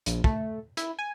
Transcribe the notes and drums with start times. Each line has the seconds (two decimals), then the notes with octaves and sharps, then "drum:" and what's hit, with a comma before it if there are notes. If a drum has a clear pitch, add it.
0.06 A#1, drum: hi-hat
0.24 A3, drum: kick
0.77 E4, drum: hi-hat
0.99 G#5